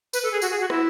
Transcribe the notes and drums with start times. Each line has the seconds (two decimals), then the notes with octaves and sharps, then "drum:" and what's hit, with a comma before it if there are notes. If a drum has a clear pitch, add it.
0.13 B4, drum: tambourine
0.23 A4
0.32 G#4
0.42 F#4, drum: tambourine
0.51 G#4
0.61 F#4
0.70 E4, drum: rim click